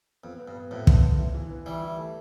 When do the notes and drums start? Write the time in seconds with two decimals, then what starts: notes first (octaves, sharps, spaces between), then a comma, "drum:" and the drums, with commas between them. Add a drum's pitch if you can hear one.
0.23 F2 B3
0.39 B3
0.48 G2
0.56 B3
0.71 F2 A2 B3
0.87 D3, drum: kick
1.03 B3
1.19 E4
1.34 E3
1.51 B4
1.66 E3 G3 E4
1.82 E4
1.98 A3